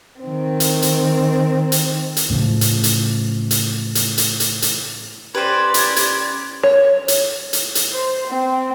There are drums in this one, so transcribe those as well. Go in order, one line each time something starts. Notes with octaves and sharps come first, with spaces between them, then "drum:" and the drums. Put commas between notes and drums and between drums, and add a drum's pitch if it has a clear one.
D#3 C4
drum: hi-hat
drum: hi-hat
drum: hi-hat
drum: hi-hat
A2 C#3 E3 F3
drum: hi-hat
drum: hi-hat
drum: hi-hat
drum: hi-hat
drum: hi-hat
drum: hi-hat
drum: hi-hat
C#4 G4 B4 C5 D5 G#6
drum: hi-hat
drum: hi-hat
C#5
drum: hi-hat
drum: hi-hat
drum: hi-hat
C5
C4